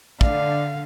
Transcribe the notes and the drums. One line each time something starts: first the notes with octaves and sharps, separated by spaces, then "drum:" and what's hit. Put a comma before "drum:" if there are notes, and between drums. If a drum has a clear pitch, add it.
D3 D5 F5, drum: kick